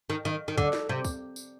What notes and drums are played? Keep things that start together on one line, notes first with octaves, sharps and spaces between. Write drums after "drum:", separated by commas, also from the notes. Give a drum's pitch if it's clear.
D#3
D#3
D#3
D3, drum: kick
drum: snare
C3
drum: kick, tambourine
drum: tambourine